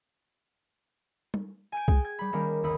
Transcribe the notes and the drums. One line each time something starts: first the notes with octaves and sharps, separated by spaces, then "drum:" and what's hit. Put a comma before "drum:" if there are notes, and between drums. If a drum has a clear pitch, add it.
drum: tom G3
G#5 G6 D7
G#4 G5, drum: kick
G#6
G3 B5
D#3 G3 A#3 C#4
G1 D#2 B5 D#6